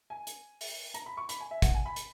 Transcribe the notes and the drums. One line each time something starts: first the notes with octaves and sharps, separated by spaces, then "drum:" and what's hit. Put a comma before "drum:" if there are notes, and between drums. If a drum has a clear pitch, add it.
G#5
drum: hi-hat
drum: open hi-hat
A#5, drum: hi-hat
B5
C#6
B5, drum: hi-hat
G#5
E5
F#5, drum: kick, hi-hat
G#5
B5
drum: hi-hat